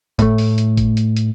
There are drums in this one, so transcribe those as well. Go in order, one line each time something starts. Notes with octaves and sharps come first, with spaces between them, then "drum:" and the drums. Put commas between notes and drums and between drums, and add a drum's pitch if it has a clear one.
A2 A3, drum: kick G1, hi-hat
drum: open hi-hat
drum: hi-hat
drum: kick G1, hi-hat
drum: hi-hat
drum: hi-hat